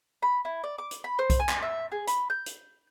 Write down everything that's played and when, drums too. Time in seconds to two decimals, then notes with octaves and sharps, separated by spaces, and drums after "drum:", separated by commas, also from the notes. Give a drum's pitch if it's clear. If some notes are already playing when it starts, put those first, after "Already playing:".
0.22 B5
0.45 E4
0.64 D5
0.78 D6
0.91 drum: hi-hat
1.04 B5
1.19 C5
1.30 drum: kick B1, hi-hat
1.40 G#5
1.49 drum: clap
1.62 E5
1.92 G#4
2.07 B5, drum: hi-hat
2.30 G6
2.46 drum: hi-hat